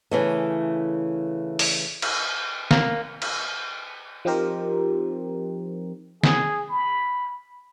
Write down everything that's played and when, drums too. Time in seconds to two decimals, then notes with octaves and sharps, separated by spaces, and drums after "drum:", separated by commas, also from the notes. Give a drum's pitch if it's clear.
0.11 C#3 E3 A3
1.59 drum: open hi-hat
2.02 drum: cymbal
2.71 A#3, drum: snare
3.22 drum: cymbal
4.25 F3 C4 D#4 G4 A#4 C5
6.23 G#4, drum: snare
6.70 B5